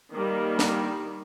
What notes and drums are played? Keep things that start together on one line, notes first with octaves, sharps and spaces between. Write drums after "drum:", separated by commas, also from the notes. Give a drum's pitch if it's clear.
D#3 G3 A#3
drum: snare